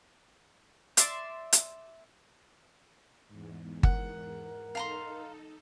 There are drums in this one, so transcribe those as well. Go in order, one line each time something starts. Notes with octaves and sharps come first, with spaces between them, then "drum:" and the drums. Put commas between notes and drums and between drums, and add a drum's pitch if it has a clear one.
D5 E5 C6 D6, drum: hi-hat
drum: hi-hat
E2 G#2
A#4 F#5, drum: kick G1
D#4 A4 F5 A#5 C6